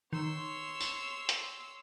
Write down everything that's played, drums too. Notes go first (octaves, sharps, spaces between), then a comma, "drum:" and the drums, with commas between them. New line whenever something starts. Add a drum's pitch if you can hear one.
D#3 C#5 C6 E6
drum: tambourine
drum: hi-hat